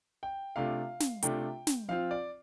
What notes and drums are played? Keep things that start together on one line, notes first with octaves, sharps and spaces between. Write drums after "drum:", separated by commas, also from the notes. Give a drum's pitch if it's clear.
G5
C3 A3 D4 F4 F5
drum: snare
C3 A3 D4 F4 G5, drum: hi-hat
drum: snare
F3 C4 F4 F5
D5